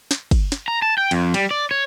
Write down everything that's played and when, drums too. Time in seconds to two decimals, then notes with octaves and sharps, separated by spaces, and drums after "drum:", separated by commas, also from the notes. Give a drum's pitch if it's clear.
0.11 drum: snare
0.31 drum: kick, cymbal
0.52 drum: snare
0.68 A#5
0.82 A5
0.98 G5
1.11 F2, drum: cymbal
1.34 G3, drum: cymbal
1.51 D5
1.71 C#5